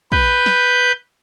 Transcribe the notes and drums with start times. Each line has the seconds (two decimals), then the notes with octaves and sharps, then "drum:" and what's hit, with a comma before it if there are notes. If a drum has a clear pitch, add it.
0.12 B4 G6, drum: kick
0.46 drum: snare